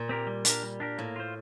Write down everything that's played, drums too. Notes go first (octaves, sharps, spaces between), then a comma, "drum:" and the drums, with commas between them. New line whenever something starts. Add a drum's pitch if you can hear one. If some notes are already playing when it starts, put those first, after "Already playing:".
Already playing: A#2
C4 G4 A#4
G3
D4 G4 A#4, drum: hi-hat
G3
D4 G4 A#4
A2 A#3
F4 C5